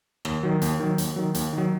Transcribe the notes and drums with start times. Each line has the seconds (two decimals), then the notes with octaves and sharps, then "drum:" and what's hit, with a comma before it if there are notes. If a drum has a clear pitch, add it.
0.25 D#2, drum: rim click
0.43 D#3 F#3
0.62 D#2, drum: hi-hat
0.80 D#3 F#3
0.98 D#2, drum: hi-hat
1.16 D#3 F#3
1.35 D#2, drum: hi-hat
1.53 D#3 F#3